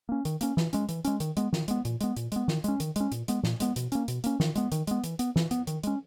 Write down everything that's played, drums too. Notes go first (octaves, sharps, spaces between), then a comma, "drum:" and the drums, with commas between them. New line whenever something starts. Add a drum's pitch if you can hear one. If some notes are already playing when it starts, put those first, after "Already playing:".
A#3 C#4
D#3, drum: hi-hat
A#3 C#4, drum: hi-hat
E3, drum: snare
G#3 C#4, drum: hi-hat
E3, drum: hi-hat
G#3 C#4, drum: hi-hat
D#3, drum: hi-hat
G#3 B3, drum: hi-hat
D#3, drum: snare
G#3 B3, drum: hi-hat
A#2, drum: hi-hat
G#3 B3, drum: hi-hat
A#2, drum: hi-hat
G#3 B3, drum: hi-hat
D#3, drum: snare
G#3 C#4, drum: hi-hat
D#3, drum: hi-hat
G#3 C#4, drum: hi-hat
A#2, drum: hi-hat
G#3 B3, drum: hi-hat
A#2, drum: snare
G#3 B3, drum: hi-hat
B2, drum: hi-hat
A#3 C#4, drum: hi-hat
B2, drum: hi-hat
A#3 C#4, drum: hi-hat
D#3, drum: snare
G#3 B3, drum: hi-hat
D#3, drum: hi-hat
G#3 B3, drum: hi-hat
E3, drum: hi-hat
B3, drum: hi-hat
E3, drum: snare
B3, drum: hi-hat
D#3, drum: hi-hat
G#3 C#4, drum: hi-hat